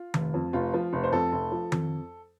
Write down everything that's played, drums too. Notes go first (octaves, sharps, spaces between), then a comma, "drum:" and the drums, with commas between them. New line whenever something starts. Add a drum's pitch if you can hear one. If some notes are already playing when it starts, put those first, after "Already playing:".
Already playing: F4
F1, drum: tom D#3
F2
F1 F4
F3
F1
C5
F2 A4
F1
F3
F2, drum: tom D#3